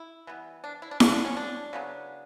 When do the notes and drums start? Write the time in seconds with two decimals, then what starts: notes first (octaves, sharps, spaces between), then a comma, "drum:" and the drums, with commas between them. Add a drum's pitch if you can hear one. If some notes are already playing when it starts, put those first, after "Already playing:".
Already playing: E4
0.27 E3 G3 B3
0.64 D4
0.82 E4
0.91 D4
1.00 D3 A3 C#4, drum: snare E4
1.12 D4
1.25 C#4
1.37 D4
1.73 C#3 F#3 B3